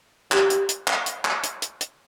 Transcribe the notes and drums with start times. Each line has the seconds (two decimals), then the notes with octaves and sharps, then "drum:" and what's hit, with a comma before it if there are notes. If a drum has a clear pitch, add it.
0.32 G4, drum: clap
0.50 drum: hi-hat
0.69 drum: hi-hat
0.87 drum: clap
1.06 drum: hi-hat
1.25 drum: clap
1.43 drum: hi-hat
1.62 drum: hi-hat
1.81 drum: hi-hat